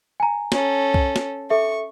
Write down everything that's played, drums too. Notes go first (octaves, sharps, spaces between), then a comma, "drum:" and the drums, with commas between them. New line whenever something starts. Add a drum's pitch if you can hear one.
G#5 A#5
C#4 A4, drum: snare
drum: kick C2
drum: snare
A4 E5 C#6